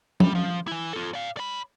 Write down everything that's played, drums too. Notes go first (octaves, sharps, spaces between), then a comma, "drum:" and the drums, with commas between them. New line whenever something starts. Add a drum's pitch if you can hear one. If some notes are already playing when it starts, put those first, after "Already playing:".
G3, drum: tom F3
F3
E3 E4
F4 A4
D5 F5
D5 B5